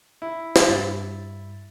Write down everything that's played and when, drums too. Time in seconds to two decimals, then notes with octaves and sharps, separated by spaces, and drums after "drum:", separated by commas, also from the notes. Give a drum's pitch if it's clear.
0.22 E4
0.56 drum: snare
0.70 G2 A6